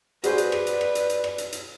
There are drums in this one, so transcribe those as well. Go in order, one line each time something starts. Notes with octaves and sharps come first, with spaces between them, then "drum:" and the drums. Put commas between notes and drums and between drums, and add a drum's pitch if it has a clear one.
F#4 G#4 B4 C5 D5, drum: hi-hat
drum: hi-hat
drum: rim click
drum: hi-hat
drum: rim click
drum: hi-hat
drum: hi-hat
drum: rim click
drum: hi-hat
drum: hi-hat